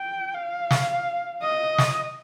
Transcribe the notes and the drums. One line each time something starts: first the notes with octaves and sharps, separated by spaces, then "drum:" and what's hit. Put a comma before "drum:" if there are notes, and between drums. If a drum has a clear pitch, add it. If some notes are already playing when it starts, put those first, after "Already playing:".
Already playing: G5
F5
drum: snare
D#5
drum: snare